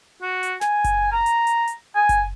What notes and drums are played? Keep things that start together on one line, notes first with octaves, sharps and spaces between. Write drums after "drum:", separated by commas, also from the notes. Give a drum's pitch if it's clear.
F#4
drum: hi-hat
G#5, drum: snare
drum: kick F#1, hi-hat
A#5
drum: hi-hat
drum: hi-hat
drum: hi-hat
G#5
drum: kick F#1, hi-hat